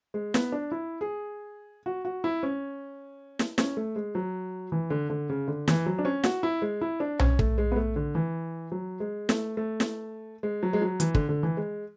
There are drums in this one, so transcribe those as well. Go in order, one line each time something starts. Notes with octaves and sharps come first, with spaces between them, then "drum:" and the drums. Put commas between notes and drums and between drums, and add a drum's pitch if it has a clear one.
G#3
B3, drum: snare
D4
E4
G#4
F#4
F#4
E4
C#4
drum: snare
C#4, drum: snare
A3
G#3
F#3
E3
D3
D3
C#3
D3
E3, drum: snare
F#3
D4
C#4
F#4, drum: snare
E4
G#3
E4
D4
C#4, drum: tom B1
A3, drum: kick
G#3
B3
A3
D3
E3
F#3
G#3
A3, drum: snare
A3
drum: snare
G#3
F#3
G#3
F#3
E3, drum: hi-hat
D3, drum: kick
D3
E3
G#3